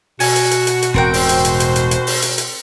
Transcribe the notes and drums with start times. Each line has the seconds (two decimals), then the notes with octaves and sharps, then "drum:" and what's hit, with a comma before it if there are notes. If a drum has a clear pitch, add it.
0.20 B2 F#4 G#5, drum: open hi-hat
0.36 drum: hi-hat
0.51 drum: hi-hat
0.67 drum: hi-hat
0.82 drum: hi-hat
0.94 E1 A2 C4 A#4 G5
1.14 G#2 F#4 C5, drum: open hi-hat
1.29 drum: hi-hat
1.45 drum: hi-hat
1.60 drum: hi-hat
1.76 drum: hi-hat
1.91 drum: hi-hat
2.07 drum: open hi-hat
2.22 drum: hi-hat
2.38 drum: hi-hat